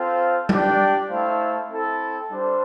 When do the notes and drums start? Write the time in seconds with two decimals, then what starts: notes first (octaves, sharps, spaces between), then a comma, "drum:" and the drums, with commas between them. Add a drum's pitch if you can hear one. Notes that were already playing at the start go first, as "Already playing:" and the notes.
Already playing: C4 F4 A4 C5 F5
0.49 D4 G4 D5 G5, drum: tom G3
1.09 A3 E4 A4 C5 F5
1.70 C4 E4 A4
2.30 G3 D4 A4 C5